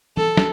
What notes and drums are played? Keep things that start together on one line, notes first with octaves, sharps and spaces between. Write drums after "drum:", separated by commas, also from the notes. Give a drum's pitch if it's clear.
A4, drum: tom
drum: snare